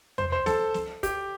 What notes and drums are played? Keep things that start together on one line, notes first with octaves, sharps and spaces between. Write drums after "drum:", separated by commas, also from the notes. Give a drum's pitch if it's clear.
C5, drum: tom E2
C5
A4, drum: snare
drum: snare
G4, drum: kick, hi-hat